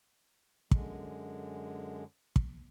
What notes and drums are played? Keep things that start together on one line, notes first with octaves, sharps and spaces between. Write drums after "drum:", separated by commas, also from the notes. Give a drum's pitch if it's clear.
F#2 D3 G#3, drum: kick
drum: kick